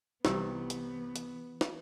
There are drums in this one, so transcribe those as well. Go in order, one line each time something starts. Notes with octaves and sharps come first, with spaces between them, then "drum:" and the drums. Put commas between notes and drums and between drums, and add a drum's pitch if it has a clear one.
C2 C3 E3 B3 G4 E6, drum: snare
drum: hi-hat
drum: hi-hat
drum: snare